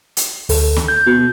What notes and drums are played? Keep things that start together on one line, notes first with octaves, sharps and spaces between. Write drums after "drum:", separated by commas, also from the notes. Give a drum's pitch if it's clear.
drum: hi-hat
D2 A4, drum: open hi-hat
drum: snare
G6
B2